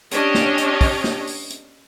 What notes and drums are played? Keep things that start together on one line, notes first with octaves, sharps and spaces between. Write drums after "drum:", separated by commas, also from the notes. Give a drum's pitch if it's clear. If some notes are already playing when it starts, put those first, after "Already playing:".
C#4 D4 G4 C#5 D#5, drum: hi-hat
drum: snare
drum: hi-hat
drum: kick, open hi-hat
drum: snare
drum: open hi-hat
drum: hi-hat